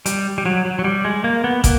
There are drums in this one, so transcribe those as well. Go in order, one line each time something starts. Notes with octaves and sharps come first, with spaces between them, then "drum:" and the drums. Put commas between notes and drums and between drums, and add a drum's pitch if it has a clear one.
G3, drum: hi-hat
G3
F#3
F#3
F#3
G3
G#3
A#3
B3
A#3, drum: kick, hi-hat